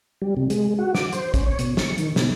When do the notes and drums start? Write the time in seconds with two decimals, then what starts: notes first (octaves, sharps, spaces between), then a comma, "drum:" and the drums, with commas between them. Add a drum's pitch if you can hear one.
0.22 G3
0.37 C3
0.50 G#3, drum: hi-hat
0.78 F#4
0.95 D6, drum: snare
1.13 C5, drum: hi-hat
1.34 C#4, drum: kick, hi-hat
1.46 C#5
1.59 B2, drum: hi-hat
1.77 C#6, drum: snare
1.98 D#3, drum: hi-hat
2.16 B2, drum: snare